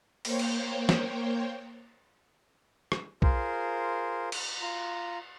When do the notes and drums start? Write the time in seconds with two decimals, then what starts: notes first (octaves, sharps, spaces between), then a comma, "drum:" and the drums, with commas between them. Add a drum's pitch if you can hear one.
0.25 A#3 C5 C#5 G5, drum: open hi-hat
0.39 drum: cymbal
0.89 drum: snare
2.92 drum: rim click
3.22 F4 G#4 A#4 C5, drum: kick
4.32 drum: cymbal
4.61 F4 A#5